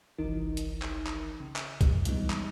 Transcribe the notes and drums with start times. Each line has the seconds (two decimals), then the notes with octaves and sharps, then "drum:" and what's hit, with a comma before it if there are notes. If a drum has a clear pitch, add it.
0.18 G1 C2 D#3 E3 D#4 A#4
0.57 drum: hi-hat
0.82 drum: clap
1.07 drum: clap
1.40 C#3
1.56 drum: clap
1.81 drum: kick, hi-hat
2.05 E3 F3 G3 G#3 B3 D#4, drum: hi-hat
2.30 drum: clap